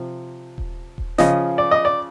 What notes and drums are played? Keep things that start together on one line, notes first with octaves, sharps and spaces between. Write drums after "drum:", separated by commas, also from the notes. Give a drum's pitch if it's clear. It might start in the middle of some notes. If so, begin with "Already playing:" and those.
Already playing: C3 F3
drum: kick D#1
drum: kick D#1
C#3 F3 D#5, drum: snare
D5
D#5
D5